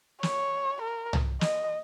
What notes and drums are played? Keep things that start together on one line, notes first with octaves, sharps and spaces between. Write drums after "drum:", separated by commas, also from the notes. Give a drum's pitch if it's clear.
C#5, drum: snare
A#4
drum: tom
D#5, drum: snare